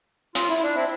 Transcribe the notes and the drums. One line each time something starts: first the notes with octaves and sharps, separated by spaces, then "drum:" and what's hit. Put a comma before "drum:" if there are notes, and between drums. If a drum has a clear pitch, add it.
F4, drum: hi-hat
E4
D4
C4 E4